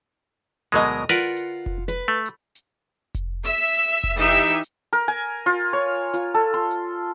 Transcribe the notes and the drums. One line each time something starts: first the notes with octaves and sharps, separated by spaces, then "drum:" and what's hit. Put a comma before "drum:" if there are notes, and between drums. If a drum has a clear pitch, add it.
D2 B2 F#3 G#3 A#4 D#5
F4 A#4 B4 D5 F#5, drum: hi-hat
drum: hi-hat
drum: kick F1
B4
A3
drum: hi-hat
drum: hi-hat
drum: kick F1, hi-hat
E5, drum: hi-hat
drum: hi-hat
drum: kick F1, hi-hat
E3 D#4 G4 E5
drum: hi-hat
drum: hi-hat
A#4, drum: hi-hat
G#5
F4
C#5
F4, drum: hi-hat
A4
C6
drum: hi-hat